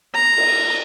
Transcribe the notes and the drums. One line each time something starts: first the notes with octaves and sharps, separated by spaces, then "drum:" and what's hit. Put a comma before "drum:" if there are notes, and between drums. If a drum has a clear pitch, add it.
A#5
drum: cymbal